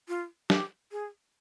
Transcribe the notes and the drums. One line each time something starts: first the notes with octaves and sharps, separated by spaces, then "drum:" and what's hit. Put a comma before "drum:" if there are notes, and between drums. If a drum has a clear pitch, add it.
F4
G4, drum: snare
G#4